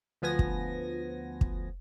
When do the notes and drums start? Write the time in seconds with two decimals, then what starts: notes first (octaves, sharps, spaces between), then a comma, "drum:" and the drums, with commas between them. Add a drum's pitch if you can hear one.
0.22 D2 F3 B3 G#5 A#6
0.39 drum: kick
1.41 drum: kick